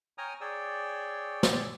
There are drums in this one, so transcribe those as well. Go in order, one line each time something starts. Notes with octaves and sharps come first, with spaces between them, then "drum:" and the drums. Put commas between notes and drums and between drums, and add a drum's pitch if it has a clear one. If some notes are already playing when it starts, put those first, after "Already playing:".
C#5 G5 G#5 A#5 D#6 F6
G#4 C#5 D5 G5 E6
drum: snare